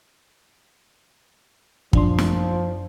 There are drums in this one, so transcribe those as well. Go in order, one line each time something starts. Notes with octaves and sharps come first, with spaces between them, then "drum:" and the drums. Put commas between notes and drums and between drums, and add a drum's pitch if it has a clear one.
F#2 F3 D4 C6, drum: kick
drum: snare